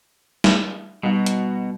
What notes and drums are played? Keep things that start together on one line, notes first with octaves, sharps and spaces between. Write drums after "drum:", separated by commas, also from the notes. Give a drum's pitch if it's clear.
drum: snare
B2 G3 D#4 F#4
drum: hi-hat